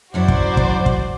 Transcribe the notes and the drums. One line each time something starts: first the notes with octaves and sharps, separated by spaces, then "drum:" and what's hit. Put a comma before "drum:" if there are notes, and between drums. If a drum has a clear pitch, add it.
F#2 F#3 E4 F#4 C5 D5
drum: kick
drum: kick
drum: kick